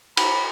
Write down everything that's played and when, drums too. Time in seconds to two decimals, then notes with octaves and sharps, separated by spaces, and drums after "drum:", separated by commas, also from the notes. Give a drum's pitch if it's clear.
0.17 B5, drum: cymbal